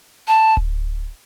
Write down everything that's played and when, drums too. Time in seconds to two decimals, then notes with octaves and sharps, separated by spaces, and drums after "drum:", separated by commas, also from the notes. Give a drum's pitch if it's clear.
0.28 A5
0.57 drum: kick D1